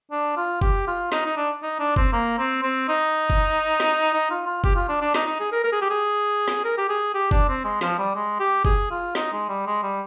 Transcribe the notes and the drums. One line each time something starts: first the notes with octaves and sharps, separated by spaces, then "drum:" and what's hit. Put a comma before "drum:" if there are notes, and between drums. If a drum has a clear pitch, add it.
D4
F4
G4, drum: kick F#1
F4
D#4, drum: snare
D#4
D4
D#4
D4
C4, drum: kick F#1
A#3
C4
C4
D#4
drum: kick F#1
drum: snare
D#4
F4
F4
G4, drum: kick F#1
F4
D4
D4
D#4, drum: snare
D#4
G#4
A#4
A#4
G#4
G4
G#4
drum: snare
A#4
G4
G#4
G4
D4, drum: kick F#1
C4
G#3
F3, drum: snare
G3
G#3
G4
G#4, drum: kick F#1
F4
D#4, drum: snare
G#3
G3
G#3
G3